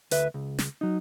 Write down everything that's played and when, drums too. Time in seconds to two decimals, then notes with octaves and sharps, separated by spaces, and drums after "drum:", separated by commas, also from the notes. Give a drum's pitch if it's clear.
0.11 D2 B4 E5, drum: hi-hat
0.34 C#2
0.58 drum: snare
0.81 F#3 D#4